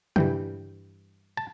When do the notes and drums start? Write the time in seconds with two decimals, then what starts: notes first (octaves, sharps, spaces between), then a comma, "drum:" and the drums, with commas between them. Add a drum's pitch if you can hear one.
0.16 G2 E3 G3 G5, drum: tom
1.37 A5